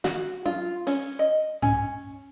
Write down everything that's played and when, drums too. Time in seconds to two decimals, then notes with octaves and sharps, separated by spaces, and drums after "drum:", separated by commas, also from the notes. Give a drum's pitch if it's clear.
0.04 F#4, drum: snare
0.46 F4, drum: tom C#4
0.87 C#4, drum: open hi-hat
1.19 D#5
1.62 C#4, drum: tom G2